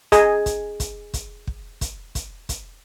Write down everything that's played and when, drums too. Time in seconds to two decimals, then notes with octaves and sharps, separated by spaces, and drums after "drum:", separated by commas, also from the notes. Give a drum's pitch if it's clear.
0.12 G#4 D#5, drum: kick, hi-hat
0.46 drum: kick, hi-hat
0.80 drum: kick, hi-hat
1.14 drum: kick, hi-hat
1.47 drum: kick
1.81 drum: kick, hi-hat
2.15 drum: kick, hi-hat
2.49 drum: kick, hi-hat